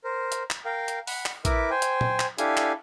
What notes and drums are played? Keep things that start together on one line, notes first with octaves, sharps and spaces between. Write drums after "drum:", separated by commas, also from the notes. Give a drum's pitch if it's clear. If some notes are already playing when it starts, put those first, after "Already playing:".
A#4 C5
drum: hi-hat
drum: clap
A#4 F5 G5
drum: hi-hat
F#5 B5 F#6, drum: open hi-hat
drum: clap
E4 A#4 B4 E5 D6, drum: kick, hi-hat
C5 G5 G#5
drum: hi-hat
drum: tom
drum: clap
D4 E4 G4 A4 F5 G#5, drum: hi-hat
drum: clap